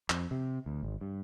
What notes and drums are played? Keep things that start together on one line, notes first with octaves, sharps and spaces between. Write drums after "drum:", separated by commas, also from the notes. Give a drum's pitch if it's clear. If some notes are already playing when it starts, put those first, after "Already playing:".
F2, drum: clap
C3
D2
G#1
G2